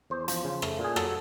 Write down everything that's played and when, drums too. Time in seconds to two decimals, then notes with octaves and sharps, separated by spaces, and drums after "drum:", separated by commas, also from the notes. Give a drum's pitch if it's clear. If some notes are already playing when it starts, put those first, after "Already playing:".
0.10 E2 C5
0.28 F3 C5, drum: hi-hat
0.44 C#3
0.62 A3, drum: rim click
0.79 A#2
0.84 G#4
0.96 F#3 A4, drum: rim click